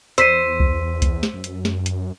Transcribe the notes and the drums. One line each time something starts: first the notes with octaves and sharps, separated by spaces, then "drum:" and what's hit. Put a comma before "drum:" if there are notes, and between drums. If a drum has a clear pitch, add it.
E2 C5 E6 B6 D#7, drum: hi-hat
drum: kick C2
drum: kick C2, hi-hat
drum: snare
F#2
drum: hi-hat
drum: snare
drum: hi-hat